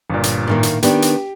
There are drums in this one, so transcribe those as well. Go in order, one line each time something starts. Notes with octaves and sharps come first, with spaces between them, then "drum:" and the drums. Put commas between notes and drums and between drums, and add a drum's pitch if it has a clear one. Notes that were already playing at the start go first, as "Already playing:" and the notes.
G1 A#2
drum: hi-hat
A2 D#3 A#3
drum: hi-hat
D#3 B3 D4 G4, drum: hi-hat
drum: hi-hat